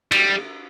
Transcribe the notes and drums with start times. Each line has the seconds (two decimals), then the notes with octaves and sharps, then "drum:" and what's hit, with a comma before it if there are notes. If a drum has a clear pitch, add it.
0.12 G3, drum: cymbal